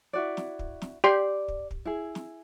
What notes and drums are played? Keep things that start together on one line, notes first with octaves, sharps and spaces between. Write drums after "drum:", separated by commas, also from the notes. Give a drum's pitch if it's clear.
E4 F#4 D5
drum: snare
drum: kick
drum: snare
G4 D5 C6
drum: kick
drum: kick
E4 G#4
drum: snare